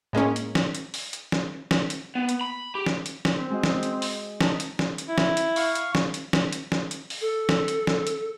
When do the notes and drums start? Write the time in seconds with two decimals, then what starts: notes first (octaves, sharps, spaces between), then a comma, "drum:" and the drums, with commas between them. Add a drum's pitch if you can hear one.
0.13 A2 G#3 A#3 C#4
0.36 drum: hi-hat
0.55 drum: snare
0.75 drum: hi-hat
0.94 drum: open hi-hat
1.13 drum: hi-hat
1.32 drum: snare
1.71 drum: snare
1.90 drum: hi-hat
2.15 B3
2.29 drum: hi-hat
2.41 B5
2.75 G4
2.86 drum: snare
3.06 drum: hi-hat
3.25 drum: snare
3.36 C4
3.51 G#3 F#4 D#5
3.64 drum: snare
3.83 drum: hi-hat
4.02 drum: open hi-hat
4.41 D#4 A5, drum: snare
4.60 drum: hi-hat
4.79 drum: snare
4.98 drum: hi-hat
5.08 E4
5.18 drum: snare
5.37 drum: hi-hat
5.56 F5 C#6, drum: open hi-hat
5.75 drum: hi-hat
5.95 drum: snare
6.14 drum: hi-hat
6.33 drum: snare
6.52 drum: hi-hat
6.72 drum: snare
6.91 drum: hi-hat
7.10 drum: open hi-hat
7.21 A4
7.49 drum: snare
7.68 drum: hi-hat
7.87 drum: snare
8.07 drum: hi-hat